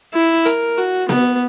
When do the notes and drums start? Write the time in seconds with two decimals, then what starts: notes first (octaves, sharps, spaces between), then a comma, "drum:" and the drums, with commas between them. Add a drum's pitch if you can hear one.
0.14 E4
0.46 A#4, drum: hi-hat
0.78 F#4
1.09 B3, drum: snare B3